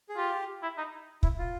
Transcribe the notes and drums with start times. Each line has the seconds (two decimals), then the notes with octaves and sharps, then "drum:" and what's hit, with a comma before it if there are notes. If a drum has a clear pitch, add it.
0.09 G#4
0.17 F4 G4
0.62 E4
0.78 D#4
1.23 E4, drum: kick
1.39 F4